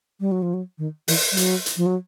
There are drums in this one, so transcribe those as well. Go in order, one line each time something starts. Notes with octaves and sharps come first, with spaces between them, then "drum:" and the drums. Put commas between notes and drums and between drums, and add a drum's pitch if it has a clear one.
G3
F#3
F3
F#3
D#3
E3, drum: open hi-hat
G3
F#3, drum: hi-hat
drum: hi-hat
F3
F#3